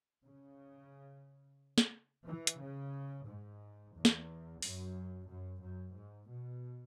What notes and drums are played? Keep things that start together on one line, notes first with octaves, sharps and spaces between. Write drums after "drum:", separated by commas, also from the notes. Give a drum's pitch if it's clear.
C#3
drum: snare
E3
drum: hi-hat
C#3
G#2
E2
drum: snare
F#2, drum: open hi-hat
F#2
F#2
G#2
B2